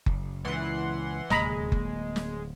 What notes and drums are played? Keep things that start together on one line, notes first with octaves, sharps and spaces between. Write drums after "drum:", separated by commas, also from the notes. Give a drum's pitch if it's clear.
F#1, drum: kick F#1
C#2 A#2 E3 F#5 C6
D1 D#2 C3 G#3 A#3 D#5 A#5 B5, drum: snare
A#3, drum: kick F#1
drum: snare